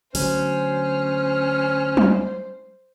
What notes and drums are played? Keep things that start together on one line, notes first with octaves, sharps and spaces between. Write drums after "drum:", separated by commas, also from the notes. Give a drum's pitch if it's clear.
D2 F#3 C#4 C5, drum: open hi-hat
drum: tom F#3